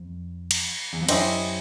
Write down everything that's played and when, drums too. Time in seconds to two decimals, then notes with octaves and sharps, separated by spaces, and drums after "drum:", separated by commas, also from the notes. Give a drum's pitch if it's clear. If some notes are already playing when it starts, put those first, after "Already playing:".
Already playing: F2
0.51 drum: cymbal
0.93 E2
1.01 F2
1.09 F#2 C#4 E4 G4 C5 D#5, drum: cymbal